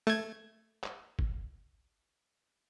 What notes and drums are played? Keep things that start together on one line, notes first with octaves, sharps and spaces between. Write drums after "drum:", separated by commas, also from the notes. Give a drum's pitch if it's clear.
A3 G#6
drum: clap
drum: kick